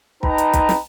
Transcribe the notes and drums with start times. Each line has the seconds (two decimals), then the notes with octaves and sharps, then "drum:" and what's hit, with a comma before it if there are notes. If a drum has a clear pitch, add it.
0.23 D#4 B4 D#5 G5 A5 A#5, drum: kick
0.38 drum: hi-hat
0.53 drum: kick, hi-hat
0.69 drum: snare